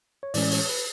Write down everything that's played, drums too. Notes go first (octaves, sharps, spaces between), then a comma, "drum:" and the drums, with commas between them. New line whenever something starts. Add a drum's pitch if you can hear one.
C#5
A2 E3 G#3 C#4 D5, drum: open hi-hat
C#5, drum: open hi-hat
B4